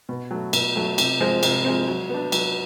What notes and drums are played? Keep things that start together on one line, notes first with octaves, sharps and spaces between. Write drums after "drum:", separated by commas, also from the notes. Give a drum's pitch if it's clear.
B2
F#3 A3
B2, drum: cymbal
F#3 A3
C3, drum: cymbal
F3 G#3 C4
C3, drum: cymbal
F3 G#3 C4
F#3
B3 D4
F#3, drum: cymbal